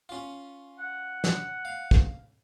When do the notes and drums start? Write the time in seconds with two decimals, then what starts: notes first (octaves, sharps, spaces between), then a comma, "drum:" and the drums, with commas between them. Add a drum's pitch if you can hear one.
0.09 C#4 F4
0.79 F#5
1.24 drum: snare
1.65 F5
1.91 drum: kick